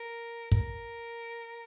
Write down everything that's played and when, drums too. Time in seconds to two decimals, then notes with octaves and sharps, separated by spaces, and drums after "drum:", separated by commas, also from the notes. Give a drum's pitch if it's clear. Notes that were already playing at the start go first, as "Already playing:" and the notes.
Already playing: A#4
0.52 A#4, drum: kick